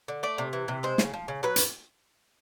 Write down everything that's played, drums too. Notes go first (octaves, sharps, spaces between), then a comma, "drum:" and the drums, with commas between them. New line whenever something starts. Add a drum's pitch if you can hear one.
D3
A3 D5
C3
E3
C3
G#3 C5
C#3, drum: snare
F3
C#3
F#3 B4
drum: hi-hat